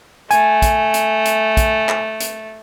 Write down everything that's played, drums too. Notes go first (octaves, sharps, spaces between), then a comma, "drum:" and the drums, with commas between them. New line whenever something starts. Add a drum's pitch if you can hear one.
A3 G#5, drum: hi-hat
drum: kick, hi-hat
drum: hi-hat
drum: hi-hat
drum: kick, hi-hat
drum: clap
drum: hi-hat